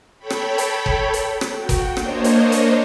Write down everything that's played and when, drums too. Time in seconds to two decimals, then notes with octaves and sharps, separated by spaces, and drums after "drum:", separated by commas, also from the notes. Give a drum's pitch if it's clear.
0.19 A4 C#5 G5 B5
0.30 drum: rim click
0.58 drum: hi-hat
0.86 drum: kick F#1
1.14 drum: hi-hat
1.41 drum: rim click
1.56 F#4 G5
1.69 drum: kick F#1, hi-hat
1.97 A#3 D4 C5 C#5 D#5, drum: rim click
2.24 drum: hi-hat
2.52 drum: hi-hat